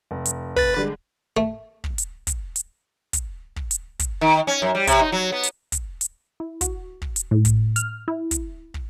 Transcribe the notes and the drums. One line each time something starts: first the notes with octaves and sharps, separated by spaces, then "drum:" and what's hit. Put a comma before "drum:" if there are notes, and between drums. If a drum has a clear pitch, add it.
F1
drum: hi-hat
B4 A6, drum: kick
D3 G3 G#3
A3
drum: kick
drum: hi-hat
drum: kick, hi-hat
drum: hi-hat
drum: kick, hi-hat
drum: kick
drum: hi-hat
drum: kick, hi-hat
D#3
C#4
F#2
G3
C3, drum: kick, hi-hat
D#4
F#3
B3
drum: hi-hat
drum: kick, hi-hat
drum: hi-hat
E4
F#4, drum: kick, hi-hat
drum: kick
drum: hi-hat
A2
drum: kick, hi-hat
F6, drum: hi-hat
E4
drum: kick, hi-hat
drum: kick